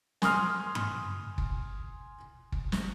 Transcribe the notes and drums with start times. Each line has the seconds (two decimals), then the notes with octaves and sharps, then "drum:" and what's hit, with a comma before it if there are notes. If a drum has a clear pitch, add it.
0.22 G#5 C6 D#6 F6, drum: snare
0.75 drum: tom G2
1.38 drum: kick
2.52 drum: kick
2.72 drum: snare